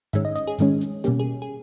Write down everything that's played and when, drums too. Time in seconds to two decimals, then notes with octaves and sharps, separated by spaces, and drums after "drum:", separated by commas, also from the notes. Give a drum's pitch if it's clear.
0.13 G#2 D#3 G#3 C#4 E5, drum: hi-hat
0.25 D#5
0.36 D#5, drum: hi-hat
0.47 G#4
0.59 G#2 D#3 G#3 C#4, drum: hi-hat
0.81 drum: hi-hat
1.04 B2 G3 A#3 C#4 G4, drum: hi-hat
1.20 G#4
1.42 G#4